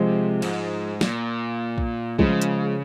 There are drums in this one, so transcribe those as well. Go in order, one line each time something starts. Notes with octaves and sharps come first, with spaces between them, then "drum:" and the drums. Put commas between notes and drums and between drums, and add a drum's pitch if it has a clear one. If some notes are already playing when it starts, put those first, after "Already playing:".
Already playing: C3 F3 G#3
G#2, drum: cymbal
A#2, drum: snare
drum: kick
C#3 F3 G#3, drum: kick
drum: hi-hat